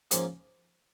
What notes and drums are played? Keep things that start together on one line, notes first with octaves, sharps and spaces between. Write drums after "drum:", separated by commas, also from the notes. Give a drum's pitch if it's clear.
G#2 F3 A#3 C#4 F4, drum: hi-hat